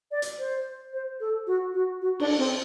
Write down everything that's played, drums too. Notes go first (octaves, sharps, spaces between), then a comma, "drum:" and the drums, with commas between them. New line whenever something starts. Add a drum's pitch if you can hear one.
D5
drum: hi-hat
C5
C5
A4
F#4
F#4
F#4
D4, drum: cymbal
C4